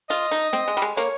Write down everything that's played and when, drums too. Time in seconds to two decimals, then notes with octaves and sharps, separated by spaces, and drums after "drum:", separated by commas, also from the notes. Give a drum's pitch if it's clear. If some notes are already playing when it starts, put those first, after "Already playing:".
0.10 F4 D#5, drum: hi-hat
0.31 D#4, drum: hi-hat
0.53 C4, drum: snare
0.68 G#3
0.77 G3, drum: open hi-hat
0.82 G#3
0.97 A#3 C#5, drum: hi-hat